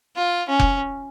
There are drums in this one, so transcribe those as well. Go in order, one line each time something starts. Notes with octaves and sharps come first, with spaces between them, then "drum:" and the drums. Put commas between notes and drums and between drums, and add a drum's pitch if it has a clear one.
F4
C#4
drum: kick F1